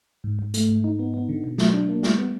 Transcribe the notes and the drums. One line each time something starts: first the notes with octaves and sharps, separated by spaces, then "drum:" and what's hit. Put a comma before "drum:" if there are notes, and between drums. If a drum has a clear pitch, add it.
G#2
G#2
A3, drum: hi-hat
G#2
D#4
B3
B3
D3
B2
F#3, drum: snare
D4
A#3
G3, drum: snare
B3